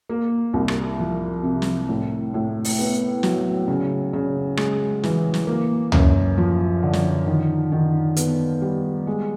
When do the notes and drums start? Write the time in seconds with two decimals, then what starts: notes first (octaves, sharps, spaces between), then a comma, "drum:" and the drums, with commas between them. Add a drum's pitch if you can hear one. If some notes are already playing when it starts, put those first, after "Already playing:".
0.10 A#3
0.54 C2
0.68 drum: rim click
0.99 F3
1.43 C3
1.62 drum: snare
1.89 A2
2.34 A2
2.64 drum: open hi-hat
2.79 B3
3.23 F#3, drum: snare
3.68 C#3
4.13 C#3
4.57 G#3, drum: rim click
5.03 E3, drum: snare
5.34 drum: snare
5.47 A#3
5.92 F#2, drum: tom C#2
6.38 F3
6.83 D3
6.93 drum: snare
7.27 D#3
7.72 D#3
8.16 B3, drum: hi-hat
8.62 G3
9.07 G#3